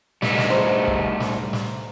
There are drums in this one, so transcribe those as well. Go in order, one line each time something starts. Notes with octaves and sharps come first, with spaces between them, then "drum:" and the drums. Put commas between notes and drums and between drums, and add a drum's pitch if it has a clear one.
G3 A3 D#4 B4, drum: snare
drum: snare
C5 A#5 B5
drum: kick
drum: snare
drum: snare